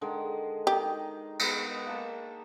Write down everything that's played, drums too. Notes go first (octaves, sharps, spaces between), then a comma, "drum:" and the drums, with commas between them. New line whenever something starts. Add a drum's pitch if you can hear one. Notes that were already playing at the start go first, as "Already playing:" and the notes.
D3 D#3 G#3
D#3 D#4 G4
G#3 B3 A#4, drum: cymbal
A#3 A5